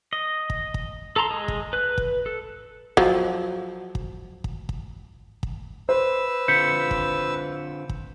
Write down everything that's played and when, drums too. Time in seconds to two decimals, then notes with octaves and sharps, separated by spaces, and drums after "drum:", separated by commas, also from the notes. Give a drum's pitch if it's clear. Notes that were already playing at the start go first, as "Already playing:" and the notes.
0.13 D#5
0.50 drum: kick
0.74 drum: kick
1.16 A4 A5 A#5 C6
1.31 G#3 G#4 D#5
1.48 drum: kick
1.73 B4 F#6
1.98 drum: kick
2.26 A4
2.97 F3 F#3, drum: kick
3.95 drum: kick
4.44 drum: kick
4.69 drum: kick
5.43 drum: kick
5.89 B4 C5 E6
6.48 D3 C4 F4 G6 B6 C#7
6.91 drum: kick
7.89 drum: kick